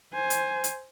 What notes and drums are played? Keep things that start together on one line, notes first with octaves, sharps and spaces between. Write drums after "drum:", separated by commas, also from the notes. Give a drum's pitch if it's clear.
C5 G#5
drum: hi-hat
drum: hi-hat